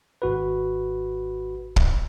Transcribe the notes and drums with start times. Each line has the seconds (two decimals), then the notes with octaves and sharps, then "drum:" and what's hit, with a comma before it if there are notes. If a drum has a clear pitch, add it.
0.22 G#1 F#4 B4
1.76 drum: kick